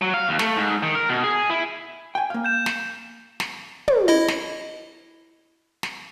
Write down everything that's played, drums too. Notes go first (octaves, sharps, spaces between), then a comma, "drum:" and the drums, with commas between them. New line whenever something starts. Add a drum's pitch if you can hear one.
F#3
F5
D#2
A3, drum: snare
G#2
D#3
A#4
B2
G#4
E4
G5 G#5
A#3 F5
G6 E7
drum: snare
drum: snare
drum: tom
E4 D#5
drum: snare
drum: snare